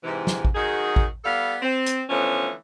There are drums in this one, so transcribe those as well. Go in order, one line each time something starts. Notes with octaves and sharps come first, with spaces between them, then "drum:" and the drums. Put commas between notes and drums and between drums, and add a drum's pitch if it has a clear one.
G#2 C3 E3
drum: snare
drum: kick A1
D#3 F#3 D#4 F#4 G#4
drum: kick A1
G3 B3 A4 F5
C4
drum: hi-hat
D3 E3 F3 A3 B3 C#4